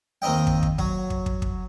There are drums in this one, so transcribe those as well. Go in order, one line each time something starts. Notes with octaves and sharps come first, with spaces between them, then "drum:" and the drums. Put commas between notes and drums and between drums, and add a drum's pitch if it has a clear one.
D#2 C4 D#4 D#5 G5
drum: kick
drum: kick
F#3, drum: kick
drum: kick
drum: kick
drum: kick